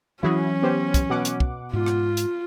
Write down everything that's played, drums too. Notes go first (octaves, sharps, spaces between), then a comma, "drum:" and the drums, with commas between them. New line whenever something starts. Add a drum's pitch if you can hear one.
E3 F#3 C#4 E4 F#4 G#4
B3 G4 C5
drum: kick, hi-hat
B2 F#5 D6
drum: hi-hat
drum: kick
G#2 F4
drum: rim click
drum: hi-hat